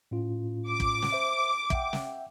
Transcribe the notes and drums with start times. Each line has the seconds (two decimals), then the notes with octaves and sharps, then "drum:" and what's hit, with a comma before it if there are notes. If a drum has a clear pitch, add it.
0.11 A2 C#4 F4
0.70 D6
0.80 drum: kick
1.02 drum: snare
1.12 C5 E5
1.70 E5 F#5 G5, drum: kick
1.93 drum: snare